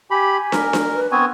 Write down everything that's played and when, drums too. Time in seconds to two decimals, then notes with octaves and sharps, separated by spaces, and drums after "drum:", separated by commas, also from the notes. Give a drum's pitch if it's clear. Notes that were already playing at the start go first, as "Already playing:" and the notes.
0.11 G4 G#5 B5
0.52 A#4, drum: snare
0.73 drum: snare
0.95 B4
1.12 B3 C4 G#5 C#6